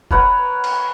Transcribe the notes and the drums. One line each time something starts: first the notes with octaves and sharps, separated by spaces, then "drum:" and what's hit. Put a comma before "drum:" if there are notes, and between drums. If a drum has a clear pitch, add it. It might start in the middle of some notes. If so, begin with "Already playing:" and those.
A#4 B4 C#5 F#5, drum: kick F1
drum: cymbal